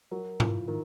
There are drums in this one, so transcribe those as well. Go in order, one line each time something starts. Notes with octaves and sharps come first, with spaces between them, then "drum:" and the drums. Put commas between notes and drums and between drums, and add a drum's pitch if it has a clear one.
F#3 A#4
E3 F4, drum: tom G#2
D#3 A#4